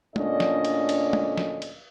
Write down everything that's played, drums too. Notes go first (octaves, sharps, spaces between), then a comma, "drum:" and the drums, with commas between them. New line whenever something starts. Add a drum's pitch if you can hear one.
D2 A#2 D3 C#4 D4 D#5, drum: tom
drum: snare
drum: cymbal
drum: cymbal
drum: tom
drum: snare
drum: cymbal